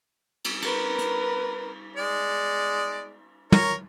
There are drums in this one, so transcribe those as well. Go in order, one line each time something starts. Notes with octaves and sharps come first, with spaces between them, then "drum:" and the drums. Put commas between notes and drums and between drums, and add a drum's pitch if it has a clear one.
drum: cymbal
A#4 B4, drum: cymbal
drum: hi-hat
G#3 D5
A#4 C#5, drum: tom